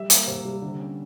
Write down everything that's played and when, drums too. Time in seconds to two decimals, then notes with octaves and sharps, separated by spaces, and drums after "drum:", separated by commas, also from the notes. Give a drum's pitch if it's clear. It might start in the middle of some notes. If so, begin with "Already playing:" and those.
Already playing: G3 E5
0.10 A#3, drum: hi-hat
0.27 C3
0.45 G3
0.62 D3
0.79 C#4